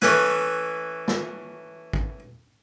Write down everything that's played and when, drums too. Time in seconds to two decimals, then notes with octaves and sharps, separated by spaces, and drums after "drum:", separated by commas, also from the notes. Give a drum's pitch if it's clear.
0.02 E3 A3 C#4 E4 B4, drum: snare
1.08 drum: snare
1.93 drum: kick